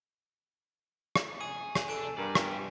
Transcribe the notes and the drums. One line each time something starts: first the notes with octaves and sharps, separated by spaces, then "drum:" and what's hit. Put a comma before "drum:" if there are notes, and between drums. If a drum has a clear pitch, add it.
drum: rim click
G#4 D#7
drum: rim click
D4 A4 G#5 D7 E7
G2 A#4 D5
B3 G4, drum: rim click